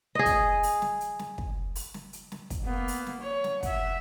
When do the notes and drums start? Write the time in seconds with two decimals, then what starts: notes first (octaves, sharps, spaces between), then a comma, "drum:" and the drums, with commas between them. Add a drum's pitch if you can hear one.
0.15 G#4 D#5
0.26 drum: kick, hi-hat
0.63 drum: open hi-hat
0.82 drum: snare
1.01 drum: hi-hat
1.19 drum: snare
1.38 drum: kick
1.75 drum: open hi-hat
1.94 drum: snare
2.13 drum: hi-hat
2.32 drum: snare
2.50 drum: kick, hi-hat
2.65 A#3 B3
2.88 drum: open hi-hat
3.07 drum: snare
3.21 C#5
3.44 drum: snare
3.63 E5 F#5, drum: kick, hi-hat